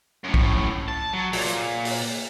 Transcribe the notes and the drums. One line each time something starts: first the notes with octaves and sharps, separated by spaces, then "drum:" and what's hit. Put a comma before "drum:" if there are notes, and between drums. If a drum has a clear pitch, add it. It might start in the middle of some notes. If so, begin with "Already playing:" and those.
F#2 A2
drum: kick B1
A5
F#3
A#2, drum: open hi-hat
drum: hi-hat
drum: open hi-hat